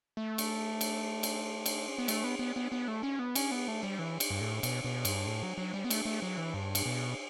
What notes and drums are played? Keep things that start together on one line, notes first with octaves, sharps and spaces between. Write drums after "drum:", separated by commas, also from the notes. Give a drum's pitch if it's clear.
A3
drum: cymbal
drum: cymbal
drum: cymbal
drum: cymbal
C#4
B3
A3, drum: cymbal
B3
B3
B3
B3
A3
C#4
B3
C#4, drum: cymbal
B3
A3
G3
E3
drum: cymbal
G2
A2
B2, drum: cymbal
B2
G2, drum: cymbal
A2
F#3
F#3
G3
B3
A3, drum: cymbal
A3
F#3
E3
G2
drum: cymbal
B2